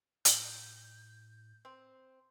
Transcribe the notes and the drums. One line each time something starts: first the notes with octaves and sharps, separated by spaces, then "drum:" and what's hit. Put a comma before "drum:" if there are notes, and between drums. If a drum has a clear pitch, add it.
A2 G6, drum: hi-hat
C4